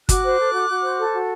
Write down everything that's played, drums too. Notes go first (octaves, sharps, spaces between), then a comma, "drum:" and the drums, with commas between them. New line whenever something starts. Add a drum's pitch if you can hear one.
F#4 D6 F#6, drum: kick G1, hi-hat
C5
A4
F#4
F#4
C5
A4
F#4